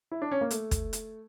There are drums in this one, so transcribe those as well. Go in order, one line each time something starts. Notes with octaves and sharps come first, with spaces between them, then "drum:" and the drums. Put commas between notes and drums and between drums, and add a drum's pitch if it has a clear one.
E4
D4
C#4
A#3
A3, drum: hi-hat
drum: kick, hi-hat
drum: hi-hat